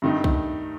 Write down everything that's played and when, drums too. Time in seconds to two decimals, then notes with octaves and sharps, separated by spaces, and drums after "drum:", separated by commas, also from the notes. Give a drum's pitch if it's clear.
0.02 G2 D#3 A3 D#4
0.24 drum: kick